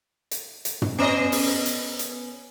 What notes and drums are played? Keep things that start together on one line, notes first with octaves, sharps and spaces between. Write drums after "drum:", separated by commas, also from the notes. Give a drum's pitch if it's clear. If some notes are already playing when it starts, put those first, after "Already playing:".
drum: hi-hat
drum: hi-hat
drum: tom
B3 C#4 D#5
drum: open hi-hat
drum: hi-hat
drum: hi-hat